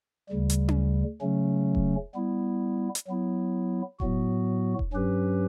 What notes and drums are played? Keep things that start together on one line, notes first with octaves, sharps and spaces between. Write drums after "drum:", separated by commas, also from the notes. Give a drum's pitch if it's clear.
D2 C#3 G3
drum: hi-hat
drum: tom C#4
C#3 F#3 A3 C#4
drum: kick E1
G3 B3 E4
drum: hi-hat
F#3 B3 E4
A2 F#3 B3 F#4, drum: kick E1
drum: kick E1
G2 F#3 C#4 G4 B4